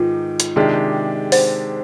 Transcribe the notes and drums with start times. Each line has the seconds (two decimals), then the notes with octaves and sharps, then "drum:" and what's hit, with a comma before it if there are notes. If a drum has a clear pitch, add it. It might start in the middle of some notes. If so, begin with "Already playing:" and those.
Already playing: G#2 D#3 F4
0.40 drum: hi-hat
0.56 C3 D#3 G#3 D4 G4 G#4
1.32 C5, drum: open hi-hat